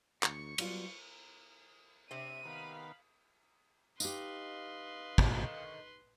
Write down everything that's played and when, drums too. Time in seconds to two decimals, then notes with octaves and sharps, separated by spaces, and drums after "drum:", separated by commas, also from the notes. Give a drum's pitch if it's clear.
0.23 D2 C#6 C#7, drum: clap
0.58 F#3 G3 B3 F4, drum: cymbal
2.11 C3 C4 D4 E5 D#7
2.45 D#3 B3 F5 B5
4.00 D#4 G4 B4 D#5 F5 C6, drum: tambourine
5.18 D3 D#3, drum: kick